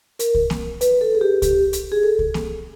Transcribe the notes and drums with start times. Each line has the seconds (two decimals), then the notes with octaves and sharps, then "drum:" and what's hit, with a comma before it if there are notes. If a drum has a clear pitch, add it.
0.19 A#4, drum: hi-hat
0.35 drum: kick C2
0.50 drum: snare A#3
0.81 B4, drum: hi-hat
1.01 A4
1.15 G#4
1.21 G4
1.42 G4, drum: kick C2, hi-hat
1.73 drum: hi-hat
1.92 G#4
2.03 A4
2.19 drum: kick C2
2.34 drum: snare A#3